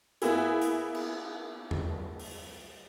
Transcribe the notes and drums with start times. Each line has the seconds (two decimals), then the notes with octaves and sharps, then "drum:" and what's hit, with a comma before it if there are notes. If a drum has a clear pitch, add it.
0.22 A#3 B3 E4 G#4, drum: hi-hat
0.61 drum: hi-hat
0.95 drum: cymbal
1.71 drum: tom E2
2.19 drum: open hi-hat